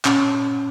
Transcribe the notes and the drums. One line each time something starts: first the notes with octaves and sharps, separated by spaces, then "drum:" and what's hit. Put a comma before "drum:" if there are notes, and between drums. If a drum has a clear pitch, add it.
A#2 C#4, drum: clap